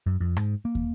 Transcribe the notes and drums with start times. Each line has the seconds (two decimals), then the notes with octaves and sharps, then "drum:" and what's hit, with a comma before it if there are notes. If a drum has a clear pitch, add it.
0.06 F#2
0.20 F2
0.37 G#2, drum: rim click
0.65 A#3
0.75 drum: kick